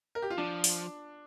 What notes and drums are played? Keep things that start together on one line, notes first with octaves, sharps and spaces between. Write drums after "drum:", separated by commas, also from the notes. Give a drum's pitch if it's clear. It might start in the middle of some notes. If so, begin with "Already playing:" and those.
A#4
G4
F4
F3 D4
drum: open hi-hat